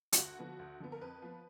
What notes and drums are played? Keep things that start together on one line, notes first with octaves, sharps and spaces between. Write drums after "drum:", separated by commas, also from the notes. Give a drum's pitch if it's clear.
F4, drum: hi-hat
D2 F#4
D3 F3 B3
D2
D3 F3 B3
A#4
F2 B4
F3 B3